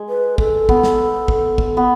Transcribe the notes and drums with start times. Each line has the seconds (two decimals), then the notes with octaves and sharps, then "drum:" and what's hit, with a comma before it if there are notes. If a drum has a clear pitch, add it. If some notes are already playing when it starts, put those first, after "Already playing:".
Already playing: G#3
0.09 B4
0.38 A4, drum: kick
0.69 B3, drum: kick
0.83 drum: snare
1.28 drum: kick
1.58 drum: kick
1.77 B3